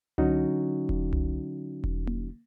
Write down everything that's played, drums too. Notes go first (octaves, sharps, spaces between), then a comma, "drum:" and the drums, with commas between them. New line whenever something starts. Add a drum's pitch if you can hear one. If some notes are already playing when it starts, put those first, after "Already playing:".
D3 F#3 C#4 D#4 F#4, drum: tom C2
drum: kick E1
drum: tom C2
drum: kick E1
drum: tom A#3